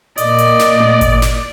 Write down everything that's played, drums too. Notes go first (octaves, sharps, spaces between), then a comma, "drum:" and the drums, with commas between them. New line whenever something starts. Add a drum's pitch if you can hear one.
A#2 A#3 D5 D#5, drum: hi-hat
drum: hi-hat
drum: snare
drum: tom A3
drum: kick G#1, hi-hat
drum: snare